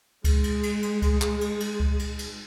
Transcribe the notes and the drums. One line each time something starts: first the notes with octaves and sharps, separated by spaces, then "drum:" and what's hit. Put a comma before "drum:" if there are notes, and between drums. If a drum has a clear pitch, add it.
G#3, drum: kick C#2, cymbal
drum: cymbal
drum: cymbal
drum: cymbal
drum: kick C#2, cymbal
drum: clap
drum: cymbal
drum: cymbal
drum: kick C#2
drum: cymbal
drum: cymbal